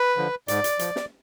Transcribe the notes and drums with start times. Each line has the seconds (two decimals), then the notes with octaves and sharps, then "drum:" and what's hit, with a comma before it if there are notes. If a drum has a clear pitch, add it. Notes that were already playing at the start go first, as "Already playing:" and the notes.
Already playing: B4
0.17 D3 F3
0.48 G#2 D5, drum: hi-hat
0.64 drum: hi-hat
0.79 F3, drum: hi-hat
0.96 drum: snare